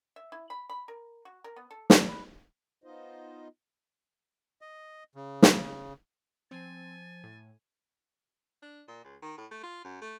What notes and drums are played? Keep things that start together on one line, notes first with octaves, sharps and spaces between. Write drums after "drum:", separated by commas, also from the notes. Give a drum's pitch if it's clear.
E5
E4
B5
B5
A#4
F#4
A#4
B3
A4
D4, drum: snare
B4
B3 D#4 F4 C5 D#5
D#5
C#3
drum: snare
F3 C4 G#5 A6
A2
D4
A#2
C#2
D#3
A2
A3
F4
F#2
A3